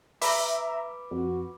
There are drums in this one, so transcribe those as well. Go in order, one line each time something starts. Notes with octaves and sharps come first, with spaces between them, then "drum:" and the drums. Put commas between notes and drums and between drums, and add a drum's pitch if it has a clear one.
B4 E5 A#5 B5 D6, drum: open hi-hat
F2 F#4